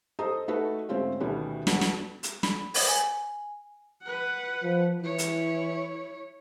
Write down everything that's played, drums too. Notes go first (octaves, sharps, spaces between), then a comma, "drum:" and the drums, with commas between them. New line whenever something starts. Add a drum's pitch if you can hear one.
A4 C5 D#5 A#5 D#6
A3 D#4 F#4 A4 B4
G#2 D3 A3 C4 C#4 F4
D2 B2 D#3 G3 B3 C#4
G1 B3 F#4, drum: snare
drum: snare
drum: hi-hat
B5, drum: snare
drum: open hi-hat
G#5
B4 F#5
F3
E3 E4 C#5
drum: hi-hat